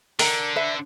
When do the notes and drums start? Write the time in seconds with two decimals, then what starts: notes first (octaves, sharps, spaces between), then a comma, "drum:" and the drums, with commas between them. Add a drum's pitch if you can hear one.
0.19 D3 A#4, drum: open hi-hat
0.56 B4 E5